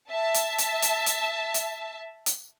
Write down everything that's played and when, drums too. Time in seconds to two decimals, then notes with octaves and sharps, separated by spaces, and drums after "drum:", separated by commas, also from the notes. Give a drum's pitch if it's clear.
0.10 E5 A5
0.34 drum: hi-hat
0.58 drum: hi-hat
0.82 drum: hi-hat
1.06 drum: hi-hat
1.54 drum: hi-hat
2.26 drum: hi-hat